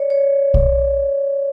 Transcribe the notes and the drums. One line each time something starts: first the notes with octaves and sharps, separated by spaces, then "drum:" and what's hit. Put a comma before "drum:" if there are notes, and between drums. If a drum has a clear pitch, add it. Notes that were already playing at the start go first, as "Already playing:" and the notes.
Already playing: C#5 D5
C#5
drum: kick